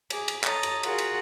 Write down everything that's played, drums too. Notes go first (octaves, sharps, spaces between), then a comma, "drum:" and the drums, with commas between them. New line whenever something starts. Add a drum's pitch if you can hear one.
G#4 D6, drum: cymbal
drum: cymbal
A4 C#5 D#5 A#5 A6, drum: clap
drum: cymbal
F4 F#4 G#4 A#4 F#5, drum: cymbal
drum: cymbal